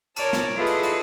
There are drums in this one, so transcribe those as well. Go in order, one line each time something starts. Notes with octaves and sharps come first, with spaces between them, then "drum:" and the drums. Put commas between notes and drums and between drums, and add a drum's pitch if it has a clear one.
A#4 C#5 D5 A5, drum: cymbal
drum: snare
E4 F4 G#4 A4 B4 D#5
drum: cymbal
drum: cymbal